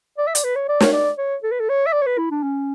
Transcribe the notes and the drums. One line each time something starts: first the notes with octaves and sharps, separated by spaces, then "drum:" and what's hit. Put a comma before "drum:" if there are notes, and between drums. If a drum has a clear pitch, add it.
D5
E5
D5, drum: hi-hat
B4
C#5
D5
C#5, drum: snare
D5
C#5
A4
B4
A4
C#5
E5
D5
C#5
B4
E4
D4
C#4